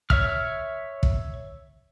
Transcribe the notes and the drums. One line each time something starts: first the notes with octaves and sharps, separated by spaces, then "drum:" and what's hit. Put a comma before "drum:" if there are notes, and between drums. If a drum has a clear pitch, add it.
C#5 E5 F6, drum: kick
drum: kick